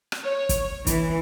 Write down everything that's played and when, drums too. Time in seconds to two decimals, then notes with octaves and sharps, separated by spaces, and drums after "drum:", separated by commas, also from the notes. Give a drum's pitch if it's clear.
0.12 drum: rim click
0.24 C#5
0.49 drum: kick, hi-hat
0.87 E3, drum: kick, hi-hat